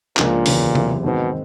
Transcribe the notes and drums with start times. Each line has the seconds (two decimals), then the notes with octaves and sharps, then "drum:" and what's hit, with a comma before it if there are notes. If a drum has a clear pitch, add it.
0.17 C#2 A#2 C#3 F3 A#3 D4, drum: clap
0.46 E1 D#2 C#3 E3, drum: open hi-hat
0.75 F#1 E2 C3, drum: tom C3
1.04 G#2 B2 D#3 G#3 C4